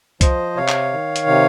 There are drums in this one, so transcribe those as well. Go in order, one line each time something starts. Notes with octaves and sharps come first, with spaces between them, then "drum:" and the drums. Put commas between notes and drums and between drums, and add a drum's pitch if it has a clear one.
F3 C5 D#5, drum: kick C2, hi-hat
C3 C#5 F5
drum: clap
D#3
drum: hi-hat
C3